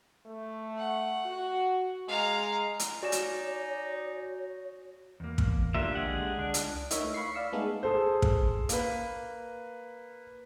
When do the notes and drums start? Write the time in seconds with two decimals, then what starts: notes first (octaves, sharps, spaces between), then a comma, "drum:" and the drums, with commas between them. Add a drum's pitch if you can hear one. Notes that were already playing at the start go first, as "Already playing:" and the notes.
0.26 A3
0.78 F#5
1.25 F#4
2.08 G#3 F5 A#5
2.79 drum: hi-hat
3.03 D#4 F#4 C#5 D5 G#5 E7
3.12 drum: hi-hat
5.20 E2 A#3
5.38 drum: kick
5.74 D3 A#3 D4 F4 G4 E5
5.95 A#1 G#3 G#4 F#5
6.17 D3
6.39 C#2 D4
6.54 drum: hi-hat
6.91 D#4 E4 A#4 C#5 E5, drum: hi-hat
7.02 A3 B4
7.14 F5 B5 C#6 C7
7.34 D5 F5 E6 B6 C#7
7.52 G#3 A3 B3 D#4 G#4 A4
7.83 G#4 A4 C5
8.22 drum: kick
8.69 A#3 B4, drum: hi-hat